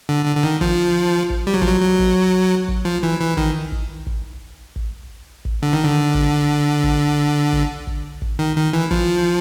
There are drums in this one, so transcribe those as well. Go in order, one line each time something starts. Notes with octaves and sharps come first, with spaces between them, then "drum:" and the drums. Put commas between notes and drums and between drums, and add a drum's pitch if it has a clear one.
D3
D3
D3
D#3
F3, drum: kick
drum: kick
G3
F#3
F3, drum: kick
F#3
F#3
drum: kick
drum: kick
F3
E3
E3
D#3, drum: kick
drum: kick
drum: kick
drum: kick
drum: kick
D3
D#3
D3
drum: kick
drum: kick
drum: kick
drum: kick
drum: kick
D#3
D#3
E3
F3, drum: kick